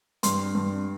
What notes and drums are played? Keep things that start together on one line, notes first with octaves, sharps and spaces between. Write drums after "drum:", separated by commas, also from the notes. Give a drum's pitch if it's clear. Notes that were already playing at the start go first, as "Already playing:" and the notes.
G2 C6, drum: hi-hat
G2